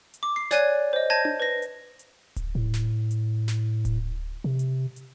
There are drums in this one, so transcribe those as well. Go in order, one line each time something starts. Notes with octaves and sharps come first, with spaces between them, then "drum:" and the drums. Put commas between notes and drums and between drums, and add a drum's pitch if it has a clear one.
drum: hi-hat
D6
C7
C#5 D5 G#5 F#6 G#6 D#7, drum: snare
C5 D#5
A5 G6 G#6 A#6 D#7
drum: tom D4
B4 A#6
drum: hi-hat
drum: hi-hat
drum: kick D1, hi-hat
A2
drum: snare
drum: hi-hat
drum: snare
drum: kick D1, hi-hat
C3
drum: hi-hat
drum: hi-hat